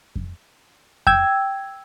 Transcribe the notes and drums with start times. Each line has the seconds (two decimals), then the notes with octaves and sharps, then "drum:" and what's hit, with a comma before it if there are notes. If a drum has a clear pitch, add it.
0.16 drum: kick F2
1.07 G5 E6 G#6, drum: kick F2